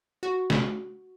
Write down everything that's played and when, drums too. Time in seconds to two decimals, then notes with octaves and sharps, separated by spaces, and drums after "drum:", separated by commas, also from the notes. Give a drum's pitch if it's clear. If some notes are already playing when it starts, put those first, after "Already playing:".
0.23 F#4
0.50 drum: snare